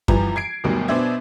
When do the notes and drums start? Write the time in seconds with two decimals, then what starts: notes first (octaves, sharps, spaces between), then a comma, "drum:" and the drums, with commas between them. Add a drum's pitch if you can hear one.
0.08 E3 F3 G3 A#5, drum: kick F#2
0.36 G#6 C7 D7
0.64 D2 B2 D#3 F#3 G3
0.88 B2 B3 D4 C5 E5 G#6